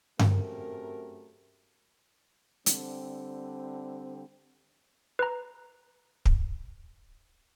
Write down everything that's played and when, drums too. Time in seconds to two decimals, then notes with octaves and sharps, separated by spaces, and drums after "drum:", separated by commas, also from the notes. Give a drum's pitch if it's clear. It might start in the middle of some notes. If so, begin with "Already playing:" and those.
0.19 F#2 A3 C4 G4 A#4, drum: tom G2
2.66 D3 G3 C4, drum: hi-hat
5.19 B4 A#5
6.26 drum: kick